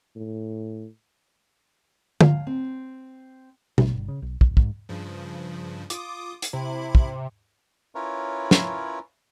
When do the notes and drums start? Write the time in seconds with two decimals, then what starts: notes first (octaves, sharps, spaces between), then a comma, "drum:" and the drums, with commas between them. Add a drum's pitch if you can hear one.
0.16 A2
2.21 F5, drum: tom D3
2.47 C4
3.78 A#1, drum: tom B2
3.94 G1
4.08 C#3
4.22 B1
4.41 D1, drum: kick
4.57 G#2, drum: kick
4.89 G2 C#3 F3
5.90 F4 D6 D#6, drum: hi-hat
6.42 drum: hi-hat
6.53 C3 E4 B5
6.95 drum: kick
7.95 C#4 E4 F4 A#4 B4 C#5
8.51 drum: snare